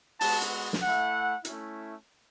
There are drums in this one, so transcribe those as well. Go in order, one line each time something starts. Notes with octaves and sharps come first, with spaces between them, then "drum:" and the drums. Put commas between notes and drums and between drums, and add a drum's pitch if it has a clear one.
G#3 B3 F#4 A5, drum: open hi-hat
drum: hi-hat
drum: snare
A3 E4 F#5
A3 C#4 E4, drum: hi-hat